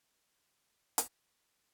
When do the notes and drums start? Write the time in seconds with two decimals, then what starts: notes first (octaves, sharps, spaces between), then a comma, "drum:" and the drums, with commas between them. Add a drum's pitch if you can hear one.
0.24 B3 D#4 G4
0.98 drum: hi-hat
1.23 F5